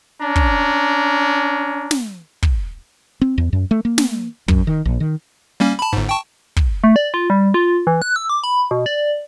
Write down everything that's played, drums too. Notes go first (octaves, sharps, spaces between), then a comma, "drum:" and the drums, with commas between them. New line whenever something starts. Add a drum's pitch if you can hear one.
C#4 D4 A#5
drum: kick
drum: snare
drum: kick
C4
E2
F#2
A3
A#3
drum: snare
F#2, drum: kick
D#3
A#1
D#3
G3 A#3 C#4
A5 B5
G1 G#2
G5 A5 C#6
drum: kick
A3
D5
F4
G3
F4
E3
F#6
E6
D6
B5
B2
D5